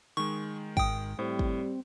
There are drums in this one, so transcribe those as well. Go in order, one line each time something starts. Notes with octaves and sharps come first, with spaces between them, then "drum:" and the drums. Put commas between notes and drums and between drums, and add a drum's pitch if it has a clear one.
D#3 G#3 C#6
G#1 G5 D#6, drum: kick
A2 G3 C4
drum: kick